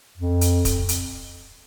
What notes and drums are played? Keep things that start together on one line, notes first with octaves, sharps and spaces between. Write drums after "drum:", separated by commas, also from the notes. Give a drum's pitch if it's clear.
F2
drum: hi-hat
drum: kick, hi-hat
drum: hi-hat